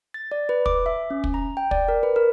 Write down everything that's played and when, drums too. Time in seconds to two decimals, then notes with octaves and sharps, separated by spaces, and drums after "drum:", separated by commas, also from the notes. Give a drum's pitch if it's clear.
0.14 A6
0.32 D5
0.49 B4
0.66 D6, drum: kick
0.86 E5
1.10 C#4
1.24 drum: kick
1.34 A#5
1.57 G5
1.71 D5, drum: kick
1.88 A#4
2.03 B4
2.16 A#4